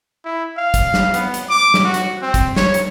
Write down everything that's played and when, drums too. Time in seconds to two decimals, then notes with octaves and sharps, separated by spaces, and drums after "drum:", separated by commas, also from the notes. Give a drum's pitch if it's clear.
0.25 E4
0.57 F5
0.74 drum: kick, hi-hat
0.94 drum: snare
1.14 B3, drum: hi-hat
1.34 drum: hi-hat
1.50 D6
1.74 drum: snare
1.84 F#4
1.94 drum: hi-hat
2.22 C4
2.34 drum: kick, hi-hat
2.56 C#5, drum: snare
2.74 drum: hi-hat